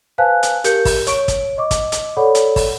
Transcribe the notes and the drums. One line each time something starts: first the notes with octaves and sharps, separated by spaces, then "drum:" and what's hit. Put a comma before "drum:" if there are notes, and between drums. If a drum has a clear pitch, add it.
B4 C5 F5 G#5 A5 F#6
drum: hi-hat
G4 A#4 G6 C#7, drum: hi-hat
drum: kick, open hi-hat
C#5 C#6 D7, drum: hi-hat
drum: kick, hi-hat
D#5 C#6 D6
drum: kick, hi-hat
drum: hi-hat
A4 C#5 D5 F#5 B5
drum: hi-hat
drum: kick, open hi-hat